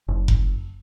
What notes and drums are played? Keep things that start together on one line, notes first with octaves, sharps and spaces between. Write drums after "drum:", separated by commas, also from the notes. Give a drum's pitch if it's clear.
F#1
drum: kick F1